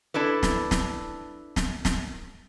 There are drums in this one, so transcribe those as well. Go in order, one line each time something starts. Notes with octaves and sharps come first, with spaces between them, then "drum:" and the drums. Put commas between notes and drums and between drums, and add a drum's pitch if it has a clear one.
D4 E4 A4 B4
drum: snare
drum: snare
drum: snare
drum: snare